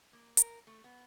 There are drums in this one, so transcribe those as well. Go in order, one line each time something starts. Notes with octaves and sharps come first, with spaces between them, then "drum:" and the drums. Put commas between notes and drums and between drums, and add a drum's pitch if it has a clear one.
A#3
A#4, drum: hi-hat
A3
B3